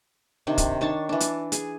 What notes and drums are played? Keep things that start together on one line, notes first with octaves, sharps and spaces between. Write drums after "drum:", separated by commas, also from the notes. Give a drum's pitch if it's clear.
C3 D#3 D4
drum: kick, hi-hat
D#3 D4 C#5 A5
E3 D4
drum: hi-hat
G#4, drum: hi-hat